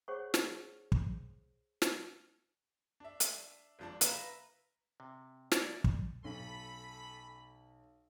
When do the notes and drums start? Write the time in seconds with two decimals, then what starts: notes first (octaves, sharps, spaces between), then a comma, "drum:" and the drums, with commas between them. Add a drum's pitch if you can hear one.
0.08 G#4 C5 C#5 F#5 C#6
0.34 drum: snare
0.92 drum: kick
1.82 drum: snare
3.00 D4 E5
3.20 drum: hi-hat
3.79 G#1 F3 D4
4.01 B4 E5 F5 A#5, drum: hi-hat
5.00 C3
5.52 A#3 D4 E4 C#5 D5, drum: snare
5.84 drum: kick
6.24 B1 C#4 A4 B5